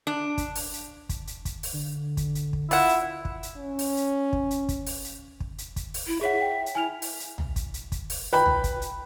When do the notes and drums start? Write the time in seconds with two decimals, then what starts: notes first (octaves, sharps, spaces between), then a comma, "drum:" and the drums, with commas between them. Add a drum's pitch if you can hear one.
0.07 D4
0.38 drum: kick, hi-hat
0.56 drum: open hi-hat
0.73 drum: hi-hat
1.09 drum: kick, hi-hat
1.27 drum: hi-hat
1.45 drum: kick, hi-hat
1.63 drum: open hi-hat
1.73 D3
2.17 drum: kick, hi-hat
2.35 drum: hi-hat
2.53 drum: kick
2.71 E4 F4 F#5, drum: open hi-hat
2.89 drum: hi-hat
3.25 drum: kick
3.43 drum: hi-hat
3.57 C#4
3.79 drum: open hi-hat
3.97 drum: hi-hat
4.33 drum: kick
4.51 drum: hi-hat
4.69 drum: kick, hi-hat
4.87 drum: open hi-hat
5.04 drum: hi-hat
5.40 drum: kick
5.58 drum: hi-hat
5.76 drum: kick, hi-hat
5.94 drum: open hi-hat
6.07 E4
6.21 G#4 C#5 E5 F#5
6.41 G5
6.66 drum: hi-hat
6.75 E4 G#5 F6 F7
7.02 drum: open hi-hat
7.20 drum: hi-hat
7.38 drum: tom
7.56 drum: kick, hi-hat
7.74 drum: hi-hat
7.92 drum: kick, hi-hat
8.10 drum: open hi-hat
8.33 B4 G5 B5
8.46 drum: tom
8.64 drum: kick, hi-hat
8.82 drum: hi-hat